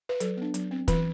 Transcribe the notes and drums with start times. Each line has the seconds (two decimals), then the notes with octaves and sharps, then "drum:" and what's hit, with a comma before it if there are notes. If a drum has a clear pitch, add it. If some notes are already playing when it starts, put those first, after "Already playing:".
0.09 B4
0.20 F#3 A4, drum: hi-hat
0.37 B3 D4
0.54 F#3, drum: hi-hat
0.71 C4
0.88 E3 B4, drum: kick, hi-hat